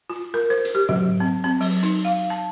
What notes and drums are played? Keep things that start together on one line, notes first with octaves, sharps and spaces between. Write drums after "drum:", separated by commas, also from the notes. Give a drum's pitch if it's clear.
F4
A#4
C5
drum: hi-hat
G4
F#3, drum: tom
C4
C4
F#3, drum: open hi-hat
D#4, drum: hi-hat
F5
A5